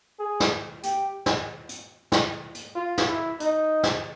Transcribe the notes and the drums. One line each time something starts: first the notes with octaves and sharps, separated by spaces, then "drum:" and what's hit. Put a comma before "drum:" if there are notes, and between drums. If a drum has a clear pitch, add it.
G#4
drum: snare
G4, drum: hi-hat
drum: snare
drum: hi-hat
drum: snare
drum: hi-hat
F4
drum: snare
E4
D#4, drum: hi-hat
drum: snare